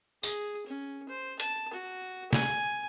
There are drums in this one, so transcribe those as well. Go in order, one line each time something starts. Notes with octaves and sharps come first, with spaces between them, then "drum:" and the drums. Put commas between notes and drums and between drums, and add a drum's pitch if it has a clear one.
G#4, drum: tambourine
C#4
C5
A5, drum: hi-hat
F#4
G#5, drum: snare